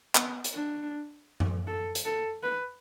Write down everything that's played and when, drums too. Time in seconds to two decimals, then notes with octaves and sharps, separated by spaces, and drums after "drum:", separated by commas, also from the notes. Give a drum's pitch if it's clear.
0.15 B3, drum: clap
0.44 drum: hi-hat
0.54 D4
1.40 drum: tom F#2
1.67 A4
1.95 drum: hi-hat
2.05 A4
2.43 B4